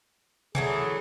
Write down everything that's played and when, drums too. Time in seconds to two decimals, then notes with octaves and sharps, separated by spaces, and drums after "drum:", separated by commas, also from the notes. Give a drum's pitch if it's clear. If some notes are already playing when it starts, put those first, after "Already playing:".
0.55 E3 F#3 A3 G#4, drum: tom B2